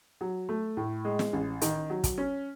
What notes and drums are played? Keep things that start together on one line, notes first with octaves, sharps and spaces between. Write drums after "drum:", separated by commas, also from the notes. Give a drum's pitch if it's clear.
F#3
A3
A2
G#3
drum: snare
A1
D#3, drum: hi-hat
F#3
drum: kick, hi-hat
C#4